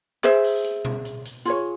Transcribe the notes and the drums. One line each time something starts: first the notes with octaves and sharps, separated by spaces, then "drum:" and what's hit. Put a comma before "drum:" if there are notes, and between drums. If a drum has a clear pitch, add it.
G#4 C5 E5, drum: clap
drum: open hi-hat
drum: hi-hat
drum: tom B2
drum: hi-hat
drum: hi-hat
F4 G#4 C#5, drum: hi-hat